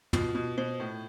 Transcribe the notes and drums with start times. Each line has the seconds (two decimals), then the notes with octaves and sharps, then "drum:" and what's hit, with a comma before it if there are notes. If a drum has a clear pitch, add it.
0.13 B2 F4, drum: tom
0.35 B2
0.57 B2 C5
0.80 A2